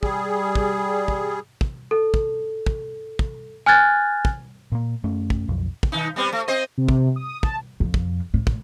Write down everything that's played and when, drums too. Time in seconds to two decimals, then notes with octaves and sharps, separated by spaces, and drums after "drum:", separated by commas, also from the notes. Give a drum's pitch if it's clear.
0.03 G3 G#4, drum: kick
0.55 drum: kick
1.08 drum: kick
1.61 drum: kick
1.91 A4
2.14 drum: kick
2.66 drum: kick
3.19 drum: kick
3.66 G#5 F6 F#6 G#6 A6
4.25 drum: kick
4.72 A#2 A#3
5.04 F#2 A3 C#4
5.30 drum: kick
5.49 B1 F2
5.83 drum: kick
5.92 D#3 D#4
6.16 G3 B3 C4
6.33 A3
6.48 C4 C5 D#5
6.78 C3
6.89 drum: kick
7.16 D#6
7.43 A5, drum: kick
7.80 F2
7.94 drum: kick
8.34 A2
8.47 drum: kick